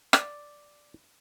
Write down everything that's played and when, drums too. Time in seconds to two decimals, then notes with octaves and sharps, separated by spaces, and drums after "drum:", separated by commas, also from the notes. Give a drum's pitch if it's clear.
0.13 D5, drum: rim click